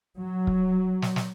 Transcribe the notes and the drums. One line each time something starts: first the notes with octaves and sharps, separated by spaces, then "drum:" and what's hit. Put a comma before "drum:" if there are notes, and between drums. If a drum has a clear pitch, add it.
F#3
drum: kick
drum: snare
drum: snare